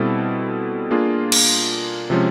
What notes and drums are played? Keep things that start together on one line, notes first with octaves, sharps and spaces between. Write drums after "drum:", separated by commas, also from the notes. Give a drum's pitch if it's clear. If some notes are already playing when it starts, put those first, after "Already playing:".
Already playing: B2 G3 C4 E4 A4
A#3 D4 F4 G#4
drum: cymbal
C3 F3 G#3 C#4